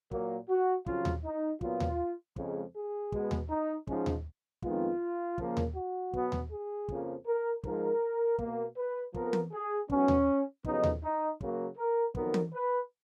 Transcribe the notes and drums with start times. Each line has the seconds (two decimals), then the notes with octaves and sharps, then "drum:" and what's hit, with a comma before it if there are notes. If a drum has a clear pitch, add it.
0.11 A#2 F#3 A#3, drum: kick
0.48 F#4
0.86 F2 C#3 F#3 F4, drum: kick
1.05 drum: tom D#2
1.25 D#4
1.61 A#2 F#3 B3 F4, drum: kick
1.80 drum: tom D#2
2.36 F2 C#3 G#3, drum: kick
2.75 G#4
3.12 B2 G#3 B3, drum: kick
3.31 drum: tom D#2
3.49 D#4
3.87 G#2 F3 G#3 C#4, drum: kick
4.06 drum: tom D#2
4.62 F2 D#3 G#3 B3 F4, drum: kick
5.38 C#3 F3 A#3, drum: kick
5.57 drum: tom D#2
5.75 F#4
6.13 B2 F#3 B3, drum: kick
6.32 drum: tom D#2
6.50 G#4
6.89 F2 C#3 F3 A#3, drum: kick
7.26 A#4
7.64 G#2 F3 G#3 A#4, drum: kick
8.39 B2 A#3, drum: kick
8.77 B4
9.14 F2 F3 B3 A#4, drum: kick
9.33 drum: tom E3
9.52 G#4
9.90 G#2 F#3 B3 C#4, drum: kick
10.08 drum: tom D#2
10.64 F2 C#3 F#3 B3 D#4, drum: kick
10.84 drum: tom D#2
11.03 D#4
11.41 C#3 F#3 A#3, drum: kick
11.78 A#4
12.15 F2 D#3 F#3 B3 A#4, drum: kick
12.34 drum: tom E3
12.53 B4